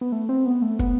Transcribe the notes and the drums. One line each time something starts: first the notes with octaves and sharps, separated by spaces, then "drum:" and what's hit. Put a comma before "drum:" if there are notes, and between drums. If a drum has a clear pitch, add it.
B3
A3
C4
B3
A3
B3, drum: kick